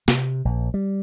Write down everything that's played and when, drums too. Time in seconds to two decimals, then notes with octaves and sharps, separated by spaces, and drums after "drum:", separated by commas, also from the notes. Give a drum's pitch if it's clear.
0.08 C3, drum: snare
0.45 A#1
0.74 G3